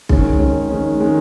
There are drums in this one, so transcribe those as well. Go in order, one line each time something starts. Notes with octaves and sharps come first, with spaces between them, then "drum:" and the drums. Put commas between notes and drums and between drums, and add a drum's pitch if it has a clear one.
D#3 G#3 C#4, drum: kick B1
D#3 G#3 C#4
D#3 G#3 C#4
D#3 G#3 C#4